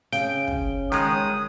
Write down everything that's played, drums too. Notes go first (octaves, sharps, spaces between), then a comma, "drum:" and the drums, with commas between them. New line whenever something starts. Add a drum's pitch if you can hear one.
C#3 G5, drum: hi-hat
drum: kick
D#3 G#3 D#6, drum: hi-hat